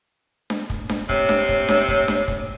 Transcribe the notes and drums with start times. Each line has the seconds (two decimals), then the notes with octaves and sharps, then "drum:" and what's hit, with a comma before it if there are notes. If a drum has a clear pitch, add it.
0.50 drum: snare D4
0.70 drum: kick, hi-hat
0.89 drum: snare D4
1.09 C3 C#5, drum: kick, hi-hat
1.29 drum: snare D4
1.49 drum: kick, hi-hat
1.69 drum: snare D4
1.88 drum: kick, hi-hat
2.08 drum: snare D4
2.28 drum: kick, hi-hat